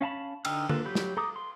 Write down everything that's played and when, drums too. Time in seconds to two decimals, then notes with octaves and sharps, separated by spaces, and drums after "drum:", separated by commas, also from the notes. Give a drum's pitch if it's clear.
0.01 C#4 F5 A5 B5
0.45 D3 D#4 G5 E6 F6, drum: cymbal
0.69 D3 A#3 F4 A4 B4, drum: tom
0.85 F#3 G4 B5 G6
0.95 drum: snare
1.17 A4 A#5 D6 D#6
1.36 C6